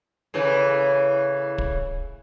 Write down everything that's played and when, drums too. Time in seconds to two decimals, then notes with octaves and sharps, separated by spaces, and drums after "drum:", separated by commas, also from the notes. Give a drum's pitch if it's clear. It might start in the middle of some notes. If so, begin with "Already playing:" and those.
0.34 A2 C#3 E3
1.58 drum: kick